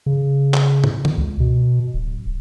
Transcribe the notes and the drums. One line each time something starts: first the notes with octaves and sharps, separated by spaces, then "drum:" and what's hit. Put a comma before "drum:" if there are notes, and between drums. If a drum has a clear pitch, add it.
C#3
drum: clap
drum: tom
drum: tom
C#2
B2
D1